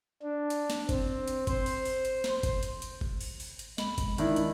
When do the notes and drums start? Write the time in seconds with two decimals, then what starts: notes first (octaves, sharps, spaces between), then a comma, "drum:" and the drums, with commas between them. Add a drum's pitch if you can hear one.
0.23 D4
0.50 drum: hi-hat
0.70 drum: snare
0.89 C4, drum: kick F#1, hi-hat
1.28 drum: hi-hat
1.47 C5, drum: kick F#1, hi-hat
1.66 drum: open hi-hat
1.85 drum: open hi-hat
2.05 drum: hi-hat
2.24 drum: snare
2.43 drum: kick F#1, hi-hat
2.63 drum: hi-hat
2.82 drum: hi-hat
3.01 drum: kick F#1
3.21 drum: open hi-hat
3.40 drum: open hi-hat
3.59 drum: hi-hat
3.78 G#3 B5 F#7, drum: snare
3.98 drum: kick F#1, hi-hat
4.18 D#3 D4 E4, drum: hi-hat
4.36 drum: hi-hat